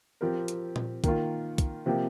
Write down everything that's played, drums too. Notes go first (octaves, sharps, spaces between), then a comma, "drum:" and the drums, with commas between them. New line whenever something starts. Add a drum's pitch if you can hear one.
F3 C4 G4 A#4
drum: hi-hat
drum: tom A#2
D#3 A#3 F4, drum: kick, hi-hat
drum: kick, hi-hat
C3 F3 A#3 G4